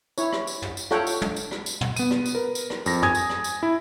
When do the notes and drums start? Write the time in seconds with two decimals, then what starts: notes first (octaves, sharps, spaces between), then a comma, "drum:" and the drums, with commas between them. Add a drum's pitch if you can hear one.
0.18 E4 C#5, drum: tambourine
0.32 drum: rim click
0.47 drum: tambourine
0.62 drum: tom
0.77 drum: tambourine
0.91 F4 A4 C#5 F#5 G5, drum: rim click
1.07 drum: tambourine
1.22 drum: tom
1.36 drum: tambourine
1.51 drum: rim click
1.66 drum: tambourine
1.81 drum: tom
1.96 B3 D#7, drum: tambourine
2.11 drum: rim click
2.26 drum: tambourine
2.35 A#4 B4
2.55 drum: tambourine
2.70 drum: rim click
2.86 F2 A#6, drum: tambourine
3.02 G#5 D#6 G#6, drum: tom
3.15 drum: tambourine
3.30 drum: rim click
3.44 drum: tambourine
3.63 E4